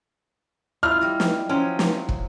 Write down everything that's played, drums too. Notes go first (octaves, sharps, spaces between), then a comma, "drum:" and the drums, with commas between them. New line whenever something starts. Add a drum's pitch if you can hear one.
E4 F4 F6
G3 D#5
drum: snare
F3 F#3 C#4 G5
drum: snare
drum: kick